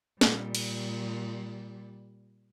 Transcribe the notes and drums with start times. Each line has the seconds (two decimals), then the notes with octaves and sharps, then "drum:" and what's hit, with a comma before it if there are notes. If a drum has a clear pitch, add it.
0.21 A#2 G3, drum: snare
0.55 drum: cymbal